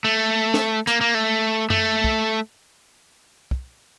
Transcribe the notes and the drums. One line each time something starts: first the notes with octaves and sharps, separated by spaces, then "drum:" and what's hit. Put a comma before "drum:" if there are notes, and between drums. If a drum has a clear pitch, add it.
A3
drum: snare
A#3, drum: hi-hat
A#3
A3
A3, drum: tom F#2
drum: kick
drum: kick